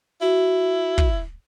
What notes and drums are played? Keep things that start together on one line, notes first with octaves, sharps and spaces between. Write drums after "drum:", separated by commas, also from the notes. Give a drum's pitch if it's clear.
E4 F#4
drum: kick